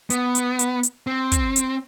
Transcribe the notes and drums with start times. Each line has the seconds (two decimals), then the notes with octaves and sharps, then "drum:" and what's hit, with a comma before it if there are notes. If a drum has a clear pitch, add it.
0.10 B3, drum: hi-hat
0.35 drum: hi-hat
0.59 drum: hi-hat
0.83 drum: hi-hat
1.07 C4
1.32 drum: kick, hi-hat
1.56 drum: hi-hat